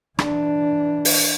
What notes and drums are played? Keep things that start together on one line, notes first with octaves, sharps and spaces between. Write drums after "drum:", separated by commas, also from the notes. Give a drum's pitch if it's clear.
E3 D4, drum: rim click
drum: open hi-hat